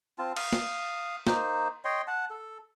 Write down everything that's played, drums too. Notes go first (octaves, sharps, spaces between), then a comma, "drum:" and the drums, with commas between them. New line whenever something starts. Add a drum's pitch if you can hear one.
C4 F4 A5
F5 D#6, drum: cymbal
drum: snare
A#3 D#4 C5, drum: snare
C#5 D#5 G5 C6
F#5 A5
A4